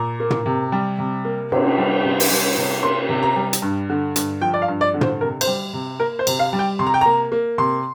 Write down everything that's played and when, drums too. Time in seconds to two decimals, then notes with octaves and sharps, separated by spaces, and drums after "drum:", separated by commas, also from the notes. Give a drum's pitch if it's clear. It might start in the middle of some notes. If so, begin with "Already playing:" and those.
Already playing: A#2 A#5
0.20 A#3
0.30 drum: tom
0.46 C3
0.72 G3
0.99 C3
1.25 A#3
1.52 C3, drum: cymbal
1.78 G3
2.04 C3
2.20 drum: open hi-hat
2.31 G3
2.57 C3
2.83 A#3 C6
3.09 C3
3.23 A#5
3.36 G3
3.53 drum: hi-hat
3.62 G2
3.89 D3
4.16 G2, drum: hi-hat
4.41 F3 G5
4.54 D5
4.62 F5
4.68 G2
4.81 D5
4.94 D3
5.01 C5, drum: tom
5.21 C3 A#4
5.41 C5, drum: cymbal
5.47 G3
5.73 C3
6.00 A#3 A#4
6.19 C5
6.27 C3, drum: cymbal
6.39 F5
6.53 G3
6.59 G5
6.79 C3 C6
6.87 A#5
6.94 G5
7.01 A#3 A#5
7.32 A#3
7.58 C3 C6